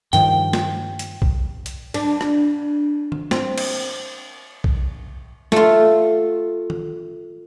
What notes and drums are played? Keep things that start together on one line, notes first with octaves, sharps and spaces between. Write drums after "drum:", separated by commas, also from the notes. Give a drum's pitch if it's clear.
G2 D#3 F3 G5, drum: hi-hat
drum: snare
drum: hi-hat
drum: kick B1
drum: hi-hat
D4, drum: cymbal
drum: rim click
drum: tom D#3
C4, drum: snare
drum: cymbal
drum: kick B1
A3 F4, drum: snare
drum: tom D#3